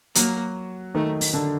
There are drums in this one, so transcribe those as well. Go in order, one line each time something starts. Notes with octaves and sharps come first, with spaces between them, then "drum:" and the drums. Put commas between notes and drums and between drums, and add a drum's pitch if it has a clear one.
F#3 A#3 F#4, drum: hi-hat
D#3 A3 D#4
drum: open hi-hat
D3 D4